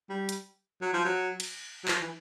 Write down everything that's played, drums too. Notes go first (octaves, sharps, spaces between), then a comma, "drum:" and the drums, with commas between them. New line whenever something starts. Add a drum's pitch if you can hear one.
G3
drum: hi-hat
F#3
F3
F#3
drum: cymbal
F#3
F3, drum: clap
E3